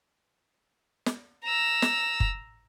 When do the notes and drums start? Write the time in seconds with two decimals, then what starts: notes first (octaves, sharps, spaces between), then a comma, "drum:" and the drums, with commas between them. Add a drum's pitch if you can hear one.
1.06 drum: snare
1.44 A#5 E6
1.82 drum: snare
2.20 drum: kick F#1